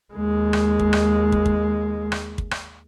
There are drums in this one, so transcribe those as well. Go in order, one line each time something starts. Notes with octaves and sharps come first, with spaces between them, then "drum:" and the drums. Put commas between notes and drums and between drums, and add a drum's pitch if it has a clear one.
D#2 G#3
drum: rim click
drum: kick
drum: rim click
drum: kick
drum: kick
drum: rim click
drum: kick
drum: rim click